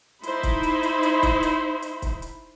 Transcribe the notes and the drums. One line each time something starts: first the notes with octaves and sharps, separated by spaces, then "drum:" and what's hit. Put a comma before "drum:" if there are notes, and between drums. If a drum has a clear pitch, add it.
D#4 E4 C5 B5, drum: hi-hat
drum: kick, hi-hat
drum: hi-hat
drum: hi-hat
drum: hi-hat
drum: kick, hi-hat
drum: hi-hat
drum: hi-hat
drum: kick, hi-hat
drum: hi-hat